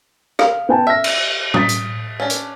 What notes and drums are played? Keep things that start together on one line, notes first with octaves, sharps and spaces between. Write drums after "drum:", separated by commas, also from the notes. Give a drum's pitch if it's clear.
F5, drum: rim click
B3 G5 A5
E5 F6 A#6
drum: cymbal
D#6 A6 B6, drum: tom
drum: hi-hat
C#4 D4
drum: hi-hat